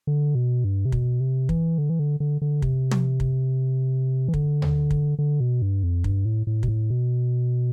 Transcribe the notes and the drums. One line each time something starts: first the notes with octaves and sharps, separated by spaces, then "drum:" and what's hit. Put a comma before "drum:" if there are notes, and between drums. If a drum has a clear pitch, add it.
D3
B2
G2
C3
B2, drum: kick
C3
E3, drum: kick
D3
E3
D3
D3
D3
C3, drum: kick
drum: tom
drum: kick
E3
D3, drum: kick
drum: tom D2
drum: kick
D3
B2
G2
F2
G2, drum: kick
A2
A2
B2, drum: kick
A2
B2